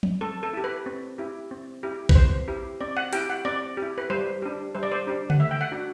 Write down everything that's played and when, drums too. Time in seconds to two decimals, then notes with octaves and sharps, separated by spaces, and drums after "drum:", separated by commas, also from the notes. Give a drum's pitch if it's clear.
0.03 drum: tom F3
0.21 C4 A4
0.43 A4
0.53 E4 G4
0.64 B4
0.86 C4
1.18 E4 G4
1.51 C4
1.83 E4 G4
2.09 B4, drum: kick A#1
2.15 C4 C5
2.48 E4 G4
2.81 C4 D5
2.97 F#5
3.13 E4 G4 G5, drum: hi-hat
3.30 F#5
3.45 C4 D5
3.77 G4
3.82 E4
3.98 B4
4.10 G3 C5
4.42 D4 G4
4.75 G3 C5
4.83 D5
4.92 C5
5.07 D4 G4
5.30 F#5, drum: tom C#3
5.40 A3 E5
5.51 G5
5.61 F#5
5.72 D4 F#4